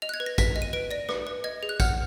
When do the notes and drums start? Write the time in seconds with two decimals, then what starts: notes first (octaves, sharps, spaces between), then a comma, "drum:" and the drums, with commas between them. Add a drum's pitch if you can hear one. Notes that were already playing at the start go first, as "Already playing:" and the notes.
0.02 D#5 F7
0.09 F#6
0.14 G#6
0.20 B4
0.26 A#6
0.38 B4 B6, drum: kick, tambourine
0.56 D#5
0.62 D#7
0.73 B4 D7
0.91 D5 A#6
1.09 B4, drum: rim click
1.27 B4
1.44 D#5 G#6
1.63 G#4
1.69 F#6
1.80 F#5 F6, drum: kick, tambourine